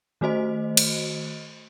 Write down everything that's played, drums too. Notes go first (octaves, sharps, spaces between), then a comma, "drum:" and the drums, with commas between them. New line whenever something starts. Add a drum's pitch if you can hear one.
D#3 A3 F#4 C5 D#5
drum: cymbal